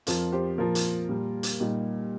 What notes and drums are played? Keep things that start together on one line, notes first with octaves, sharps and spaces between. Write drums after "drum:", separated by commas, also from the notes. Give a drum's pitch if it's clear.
F2 F3 F4 A#4, drum: hi-hat
G4 C5
A#2 F3 F4 A#4
drum: hi-hat
A#2 G3
drum: hi-hat
A#2 G3 D#4 G4